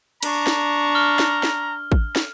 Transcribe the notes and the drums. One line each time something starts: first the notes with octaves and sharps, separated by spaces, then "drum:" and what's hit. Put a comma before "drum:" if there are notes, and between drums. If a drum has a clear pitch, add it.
D4 A#5 C#6, drum: cymbal
drum: snare
F6 G7
drum: snare
drum: snare
drum: kick
drum: snare